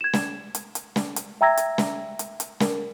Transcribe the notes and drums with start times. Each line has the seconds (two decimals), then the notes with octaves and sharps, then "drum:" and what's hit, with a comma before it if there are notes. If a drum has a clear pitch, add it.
0.01 G#6 E7
0.13 drum: snare
0.55 drum: hi-hat
0.75 drum: hi-hat
0.96 drum: snare
1.16 drum: hi-hat
1.41 E5 G5 A#5 E6 G#6 A#6
1.57 drum: hi-hat
1.78 drum: snare
2.19 drum: hi-hat
2.40 drum: hi-hat
2.60 A#4, drum: snare